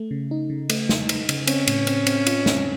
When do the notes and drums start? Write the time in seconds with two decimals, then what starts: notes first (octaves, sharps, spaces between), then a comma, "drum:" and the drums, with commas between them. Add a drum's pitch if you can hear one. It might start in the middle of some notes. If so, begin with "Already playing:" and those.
Already playing: A3
0.11 C#3
0.31 D#4
0.50 C#3
0.70 A3, drum: cymbal
0.89 D#4, drum: snare
1.09 D#4, drum: cymbal
1.29 C#3, drum: cymbal
1.47 C4 C#4, drum: cymbal
1.67 A2, drum: cymbal
1.87 C4, drum: cymbal
2.07 C4, drum: cymbal
2.27 F4, drum: cymbal
2.46 C4, drum: snare